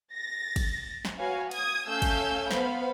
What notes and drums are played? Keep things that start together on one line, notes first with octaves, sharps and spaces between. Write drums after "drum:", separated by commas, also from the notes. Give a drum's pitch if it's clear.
A6 A#6
drum: kick, cymbal
drum: snare
F#4 B4 C#5 F5 G#5
D#6 G#6, drum: cymbal
A3 C#4 F5 G#5 E6 G6
drum: kick, cymbal
B3 C5 F5 B5, drum: snare